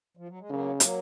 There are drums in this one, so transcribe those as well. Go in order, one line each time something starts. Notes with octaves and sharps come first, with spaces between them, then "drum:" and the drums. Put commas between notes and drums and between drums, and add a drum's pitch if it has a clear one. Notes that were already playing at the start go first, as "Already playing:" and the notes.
F3
F#3
G#3
C#3 F#3 A#3
F#3 A#3, drum: hi-hat